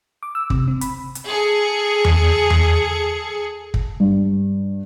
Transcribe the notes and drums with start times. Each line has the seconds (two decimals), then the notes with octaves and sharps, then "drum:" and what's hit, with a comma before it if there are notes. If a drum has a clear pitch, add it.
0.23 D6
0.35 E6
0.50 C3, drum: kick
0.68 C4
0.81 B5, drum: hi-hat
1.15 drum: hi-hat
1.27 G#4 A4 C#7
2.05 drum: tom E2
2.50 drum: tom E2
3.74 drum: kick
4.00 G2